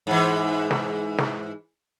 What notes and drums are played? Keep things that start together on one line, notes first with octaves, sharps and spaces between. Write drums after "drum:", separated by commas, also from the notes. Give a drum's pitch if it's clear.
G#2 E3
drum: snare
drum: snare